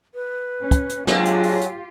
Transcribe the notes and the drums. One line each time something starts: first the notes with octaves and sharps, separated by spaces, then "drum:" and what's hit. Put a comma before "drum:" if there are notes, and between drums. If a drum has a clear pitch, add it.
B4
C#4
drum: kick, hi-hat
drum: hi-hat
F#3 G#3 C4 D4 F4 G4 G#5, drum: snare
drum: hi-hat
drum: open hi-hat
drum: hi-hat